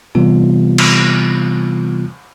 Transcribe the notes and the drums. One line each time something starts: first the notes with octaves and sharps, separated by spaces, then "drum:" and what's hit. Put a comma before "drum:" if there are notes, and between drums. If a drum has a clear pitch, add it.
C3 E3 G3 B3 F4
drum: cymbal